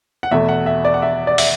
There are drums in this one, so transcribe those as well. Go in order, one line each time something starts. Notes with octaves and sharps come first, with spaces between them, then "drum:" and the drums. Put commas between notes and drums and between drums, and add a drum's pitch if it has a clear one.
F#5
E2 B2 A3 E5
F#5
E5
D5
F#5
E5
D5
E5, drum: open hi-hat